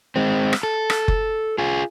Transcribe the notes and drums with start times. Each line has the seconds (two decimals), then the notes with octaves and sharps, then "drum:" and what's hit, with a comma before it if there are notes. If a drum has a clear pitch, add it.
0.16 G#3 C4
0.53 drum: rim click
0.63 A4
0.90 drum: rim click
1.08 drum: kick F#1
1.58 F4 G#4